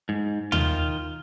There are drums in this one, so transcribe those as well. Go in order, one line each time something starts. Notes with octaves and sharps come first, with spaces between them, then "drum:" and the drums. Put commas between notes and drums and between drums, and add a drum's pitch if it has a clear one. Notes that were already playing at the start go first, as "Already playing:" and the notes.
G#2
D#3 F4, drum: tom D#2